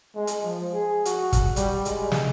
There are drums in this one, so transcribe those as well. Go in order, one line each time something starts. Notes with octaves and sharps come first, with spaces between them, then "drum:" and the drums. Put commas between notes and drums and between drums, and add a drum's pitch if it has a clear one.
G#3
drum: hi-hat
F3
G#4
F#4, drum: hi-hat
drum: kick, hi-hat
G3, drum: hi-hat
G#3, drum: hi-hat
drum: snare